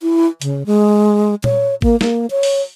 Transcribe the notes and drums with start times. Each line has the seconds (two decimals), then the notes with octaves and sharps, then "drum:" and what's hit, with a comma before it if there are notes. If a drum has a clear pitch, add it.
0.02 E4
0.42 C#3, drum: hi-hat
0.66 G#3
1.44 C#5, drum: tom A#2
1.82 A#3, drum: kick G#1
2.01 A#3, drum: snare
2.31 C#5
2.43 drum: open hi-hat